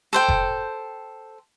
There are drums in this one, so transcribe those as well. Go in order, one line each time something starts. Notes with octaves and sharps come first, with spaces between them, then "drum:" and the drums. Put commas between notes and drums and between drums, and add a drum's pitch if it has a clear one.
A4 C5 G5
drum: kick F1